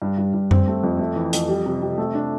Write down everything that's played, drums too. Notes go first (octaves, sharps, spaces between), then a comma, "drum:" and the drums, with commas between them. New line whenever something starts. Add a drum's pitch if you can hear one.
G2
G2
G2
C4, drum: tom F#2
A3
F2
A3
E3
F2, drum: hi-hat
G3
C3
C3
A3
D4